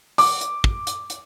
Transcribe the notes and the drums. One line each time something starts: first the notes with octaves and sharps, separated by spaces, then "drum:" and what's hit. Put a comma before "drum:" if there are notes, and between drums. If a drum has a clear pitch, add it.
D6, drum: open hi-hat
drum: hi-hat
drum: kick
drum: hi-hat
drum: hi-hat